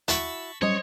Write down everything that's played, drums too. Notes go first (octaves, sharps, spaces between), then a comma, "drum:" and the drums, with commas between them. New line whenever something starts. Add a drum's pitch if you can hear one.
E4 F#4 A5 B5 C#6, drum: hi-hat
F#3 G3 C#4 C5 C#5 D#5